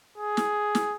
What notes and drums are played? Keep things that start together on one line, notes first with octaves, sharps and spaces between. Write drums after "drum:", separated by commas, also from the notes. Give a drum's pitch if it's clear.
G#4
drum: snare
drum: snare